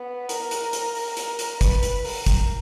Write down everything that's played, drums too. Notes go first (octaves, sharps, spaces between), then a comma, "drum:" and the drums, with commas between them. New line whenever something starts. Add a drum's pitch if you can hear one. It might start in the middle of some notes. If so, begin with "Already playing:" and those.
Already playing: B3
A#4, drum: hi-hat
drum: hi-hat
drum: hi-hat
drum: open hi-hat
A#4, drum: hi-hat
drum: hi-hat
B4, drum: kick, hi-hat
drum: hi-hat
A#4, drum: open hi-hat
drum: kick, hi-hat